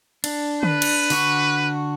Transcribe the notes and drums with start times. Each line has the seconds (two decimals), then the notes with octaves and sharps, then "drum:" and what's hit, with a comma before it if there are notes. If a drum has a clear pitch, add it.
0.24 D4, drum: cymbal
0.63 B4, drum: tom D3
0.82 drum: cymbal
1.10 D3 F#4 C#6, drum: open hi-hat